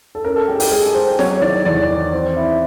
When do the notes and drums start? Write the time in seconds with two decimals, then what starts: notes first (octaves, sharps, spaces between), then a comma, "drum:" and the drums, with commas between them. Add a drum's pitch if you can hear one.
0.15 A4
0.24 C#4 A#4
0.36 A4
0.47 G#3 G4
0.60 G4, drum: open hi-hat
0.71 G#3 G#4
0.94 G#3 C5
1.19 F#3 C#5, drum: snare
1.42 D#3 D5
1.65 E2 D5
1.90 D#3
2.13 C4
2.37 E4